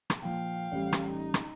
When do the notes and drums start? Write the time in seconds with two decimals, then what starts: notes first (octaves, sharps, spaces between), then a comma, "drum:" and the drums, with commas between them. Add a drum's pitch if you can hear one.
0.10 drum: rim click
0.22 A#2 F3 F5 G5
0.72 A1 G3
0.93 drum: rim click
1.11 D#4
1.34 drum: rim click